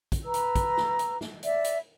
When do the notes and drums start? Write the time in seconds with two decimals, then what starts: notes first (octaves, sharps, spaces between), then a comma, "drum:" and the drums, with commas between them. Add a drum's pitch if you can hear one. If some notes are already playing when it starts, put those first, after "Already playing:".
0.12 drum: kick, hi-hat
0.24 B4 A#5 E6
0.34 drum: hi-hat
0.55 drum: kick, hi-hat
0.77 drum: snare
0.99 drum: hi-hat
1.21 drum: snare
1.43 D5 E5, drum: hi-hat
1.64 drum: hi-hat